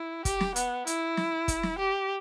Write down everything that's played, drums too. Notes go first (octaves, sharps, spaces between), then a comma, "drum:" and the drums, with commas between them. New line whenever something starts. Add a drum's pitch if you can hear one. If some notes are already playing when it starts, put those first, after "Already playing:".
Already playing: E4
G4, drum: kick, hi-hat
drum: snare
B3, drum: hi-hat
E4, drum: hi-hat
drum: snare
drum: kick, hi-hat
drum: snare
G4